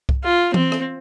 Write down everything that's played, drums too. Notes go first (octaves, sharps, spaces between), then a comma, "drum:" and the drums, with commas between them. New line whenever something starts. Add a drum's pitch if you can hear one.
drum: kick C2
F4
C4, drum: tom E3
drum: rim click